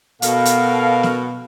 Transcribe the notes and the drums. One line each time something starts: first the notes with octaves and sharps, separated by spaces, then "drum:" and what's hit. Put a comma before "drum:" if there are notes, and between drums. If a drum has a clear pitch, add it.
B2 A4 A#4 F5, drum: hi-hat
drum: hi-hat
drum: snare B3